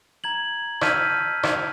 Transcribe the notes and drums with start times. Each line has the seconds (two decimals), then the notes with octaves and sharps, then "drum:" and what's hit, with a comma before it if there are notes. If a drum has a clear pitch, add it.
0.24 A#5 G#6 F#7
0.81 A5 E6 F6 G6 B6 D#7, drum: rim click
1.43 drum: rim click